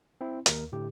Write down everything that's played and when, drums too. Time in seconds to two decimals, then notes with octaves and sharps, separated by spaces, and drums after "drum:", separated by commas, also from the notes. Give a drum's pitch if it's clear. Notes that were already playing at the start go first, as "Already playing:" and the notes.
0.21 C4 E4
0.46 D#2 A#4, drum: hi-hat
0.72 A2 D3 G4